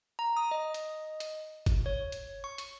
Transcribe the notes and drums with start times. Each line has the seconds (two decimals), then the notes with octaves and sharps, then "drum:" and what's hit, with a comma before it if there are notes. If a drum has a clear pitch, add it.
0.19 A#5
0.37 D#6
0.51 D#5
0.74 drum: hi-hat
1.20 drum: hi-hat
1.66 drum: kick F#1, hi-hat
1.86 C#5
2.12 drum: hi-hat
2.44 C#6
2.58 drum: hi-hat